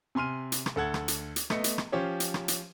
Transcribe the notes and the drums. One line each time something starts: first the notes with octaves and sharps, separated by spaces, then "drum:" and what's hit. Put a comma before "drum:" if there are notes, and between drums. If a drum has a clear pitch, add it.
C3 G#5 C6 F6 D#7
drum: hi-hat
drum: rim click
D2 A4 F#5 G#6
drum: rim click
drum: hi-hat
drum: hi-hat
A3 B3 D#5 C#7, drum: rim click
drum: hi-hat
drum: rim click
F3 C#4 G4 C5 C#5
drum: hi-hat
drum: rim click
drum: hi-hat